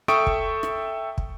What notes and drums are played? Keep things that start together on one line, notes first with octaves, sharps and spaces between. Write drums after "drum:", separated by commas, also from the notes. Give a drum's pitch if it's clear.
A4 E5 G5 C#6 D#6 D7, drum: rim click
drum: kick
drum: rim click
drum: kick